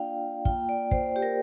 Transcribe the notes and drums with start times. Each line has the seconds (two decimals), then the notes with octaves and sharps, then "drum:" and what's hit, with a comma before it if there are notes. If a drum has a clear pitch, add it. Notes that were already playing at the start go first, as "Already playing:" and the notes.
Already playing: A#3 D4 F4 D5 F5 G5
0.45 A#3 F4 G5, drum: kick
0.69 D5
0.91 C5, drum: kick
1.16 G4
1.22 A#4